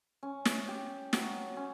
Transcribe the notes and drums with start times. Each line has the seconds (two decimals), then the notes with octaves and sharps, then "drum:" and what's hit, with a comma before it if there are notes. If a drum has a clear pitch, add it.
0.23 C#4
0.45 drum: snare
0.68 G4
1.13 F#3, drum: snare
1.57 C#4